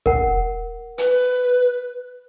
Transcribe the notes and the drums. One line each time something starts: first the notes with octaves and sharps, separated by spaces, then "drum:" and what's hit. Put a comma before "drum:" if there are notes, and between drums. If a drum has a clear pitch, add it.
A#4 F#5, drum: kick
B4, drum: hi-hat